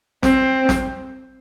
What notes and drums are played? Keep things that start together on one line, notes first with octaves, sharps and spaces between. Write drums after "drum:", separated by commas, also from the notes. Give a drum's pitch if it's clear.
C4, drum: snare
drum: snare